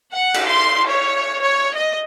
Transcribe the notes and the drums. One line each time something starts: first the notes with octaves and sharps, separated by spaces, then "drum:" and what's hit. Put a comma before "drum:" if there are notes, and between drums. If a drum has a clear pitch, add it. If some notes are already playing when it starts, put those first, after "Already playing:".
F#5
drum: cymbal
C6
C#5
C#5
D#5